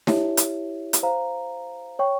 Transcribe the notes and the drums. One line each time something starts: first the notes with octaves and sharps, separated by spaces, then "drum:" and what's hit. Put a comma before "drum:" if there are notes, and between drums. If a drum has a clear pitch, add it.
E4 G4 C#5 E5, drum: snare
drum: hi-hat
drum: hi-hat
C5 F5 A#5
C#5 G5 C#6